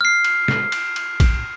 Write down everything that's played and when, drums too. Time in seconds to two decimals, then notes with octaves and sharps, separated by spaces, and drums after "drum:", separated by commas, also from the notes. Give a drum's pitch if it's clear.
0.01 F6 C7
0.24 drum: cymbal
0.48 drum: snare
0.72 drum: cymbal
0.96 drum: cymbal
1.20 drum: kick, cymbal